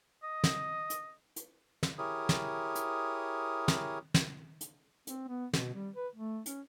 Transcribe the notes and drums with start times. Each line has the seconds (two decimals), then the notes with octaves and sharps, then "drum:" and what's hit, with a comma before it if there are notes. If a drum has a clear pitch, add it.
0.23 D#5
0.44 drum: snare
0.90 drum: hi-hat
1.36 drum: hi-hat
1.83 drum: snare
1.98 E4 G4 G#4 A#4 C#5 D#6
2.29 drum: snare
2.75 drum: hi-hat
3.68 drum: snare
4.14 drum: snare
4.61 drum: hi-hat
5.07 C4, drum: hi-hat
5.28 B3
5.53 B2, drum: snare
5.74 G3
5.95 B4
6.15 A3
6.46 C#4, drum: hi-hat